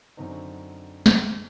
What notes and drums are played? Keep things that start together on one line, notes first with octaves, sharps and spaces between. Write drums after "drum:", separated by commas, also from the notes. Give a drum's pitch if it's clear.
F#2 D3 F#3 C4 D#4
drum: snare